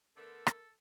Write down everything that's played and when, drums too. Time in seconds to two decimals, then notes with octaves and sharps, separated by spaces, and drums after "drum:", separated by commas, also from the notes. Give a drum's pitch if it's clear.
0.17 D3 A3 B3 A4 A#4
0.47 drum: rim click